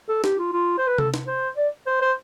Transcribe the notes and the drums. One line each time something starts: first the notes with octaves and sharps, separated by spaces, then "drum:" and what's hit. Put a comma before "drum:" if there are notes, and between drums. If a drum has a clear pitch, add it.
A4
G4, drum: snare
F4
F4
C5
B4
A4, drum: tom C3
drum: snare
C5
D5
C5
C5